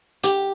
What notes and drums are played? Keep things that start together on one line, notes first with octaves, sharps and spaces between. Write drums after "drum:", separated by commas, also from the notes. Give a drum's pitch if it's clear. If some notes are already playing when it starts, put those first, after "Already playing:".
G4, drum: hi-hat